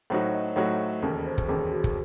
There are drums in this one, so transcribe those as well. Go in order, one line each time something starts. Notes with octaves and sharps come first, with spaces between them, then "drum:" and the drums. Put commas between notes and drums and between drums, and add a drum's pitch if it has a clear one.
A2 F#3 A3 D#4 F#4 C5
D#5
A2 F#3 A3 D#4 F#4 C#5
E1 D#2 C#3 A4
C5
drum: kick
E1 D#2 C#3 G#4
F#4
drum: kick